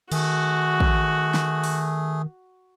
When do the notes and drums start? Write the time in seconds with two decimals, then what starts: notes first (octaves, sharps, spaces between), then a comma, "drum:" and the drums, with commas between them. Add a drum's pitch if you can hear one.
0.12 D#3 A3 F#4 G#4, drum: cymbal
0.80 drum: kick
1.34 drum: snare
1.64 drum: open hi-hat